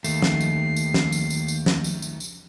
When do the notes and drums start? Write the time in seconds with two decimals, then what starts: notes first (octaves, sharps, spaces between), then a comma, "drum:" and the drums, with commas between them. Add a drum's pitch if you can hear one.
0.04 D#2 D#3 A3 C7, drum: tambourine
0.22 drum: snare
0.40 drum: tambourine
0.76 drum: tambourine
0.94 drum: snare
1.12 drum: tambourine
1.30 drum: tambourine
1.48 drum: tambourine
1.66 drum: snare
1.84 drum: tambourine
2.02 drum: tambourine
2.20 drum: tambourine